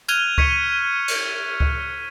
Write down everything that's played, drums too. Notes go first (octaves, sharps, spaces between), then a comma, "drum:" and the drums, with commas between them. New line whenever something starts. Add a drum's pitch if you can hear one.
F6 F#6 G#6 D#7 F7 G7, drum: tambourine
C#6 G#6 B6 C#7 D#7, drum: kick C#2
drum: cymbal
drum: kick C#2